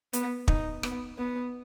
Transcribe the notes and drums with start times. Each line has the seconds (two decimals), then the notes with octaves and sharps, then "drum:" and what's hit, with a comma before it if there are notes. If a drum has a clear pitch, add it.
0.13 B3, drum: hi-hat
0.48 D#4, drum: kick
0.83 B3, drum: rim click
1.18 B3